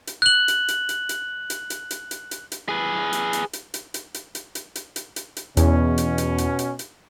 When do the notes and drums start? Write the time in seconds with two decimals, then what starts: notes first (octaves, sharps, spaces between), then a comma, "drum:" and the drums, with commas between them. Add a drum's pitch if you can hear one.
0.07 drum: hi-hat
0.22 F#6 F#7
0.48 drum: hi-hat
0.68 drum: hi-hat
0.89 drum: hi-hat
1.09 drum: hi-hat
1.50 drum: hi-hat
1.70 drum: hi-hat
1.91 drum: hi-hat
2.11 drum: hi-hat
2.31 drum: hi-hat
2.52 drum: hi-hat
2.68 G#4 B4
3.13 drum: hi-hat
3.33 drum: hi-hat
3.53 drum: hi-hat
3.74 drum: hi-hat
3.94 drum: hi-hat
4.14 drum: hi-hat
4.35 drum: hi-hat
4.55 drum: hi-hat
4.75 drum: hi-hat
4.96 drum: hi-hat
5.16 drum: hi-hat
5.37 drum: hi-hat
5.57 E2 B2 C#4, drum: hi-hat
5.98 drum: hi-hat
6.18 drum: hi-hat
6.38 drum: hi-hat
6.59 drum: hi-hat
6.79 drum: hi-hat